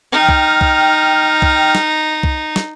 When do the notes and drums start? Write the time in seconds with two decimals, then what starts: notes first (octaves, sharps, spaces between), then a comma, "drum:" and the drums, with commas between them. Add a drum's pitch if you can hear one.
0.12 D#4 G5 F6
0.29 drum: kick C2
0.61 drum: kick C2
1.42 drum: kick C2
1.75 drum: snare
2.23 drum: kick C2
2.56 drum: snare